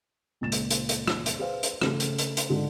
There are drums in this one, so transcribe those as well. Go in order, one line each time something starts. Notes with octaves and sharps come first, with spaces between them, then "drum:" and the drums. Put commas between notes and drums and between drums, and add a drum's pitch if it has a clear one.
C#2 A#2 A6 E7
drum: hi-hat
drum: hi-hat
drum: hi-hat
drum: rim click
drum: hi-hat
G#4 B4 C5 F5
drum: hi-hat
C#3 A3, drum: rim click
drum: hi-hat
drum: hi-hat
drum: hi-hat
G#2 D3 G#3 F4